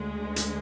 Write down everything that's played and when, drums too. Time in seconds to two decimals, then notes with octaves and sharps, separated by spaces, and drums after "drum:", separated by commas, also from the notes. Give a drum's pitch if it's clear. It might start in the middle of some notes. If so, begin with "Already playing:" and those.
Already playing: D2 D3 G#3
0.36 drum: hi-hat